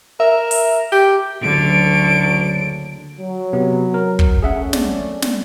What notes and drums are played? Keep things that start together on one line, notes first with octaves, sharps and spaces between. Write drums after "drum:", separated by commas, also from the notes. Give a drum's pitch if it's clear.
A#4 E5
drum: open hi-hat
G4
F#1 D2 D3 F#3 D7
F#3
C3 B3
A#4
drum: kick
A3 C#4 G#4 E5 F#5
D5, drum: snare
drum: snare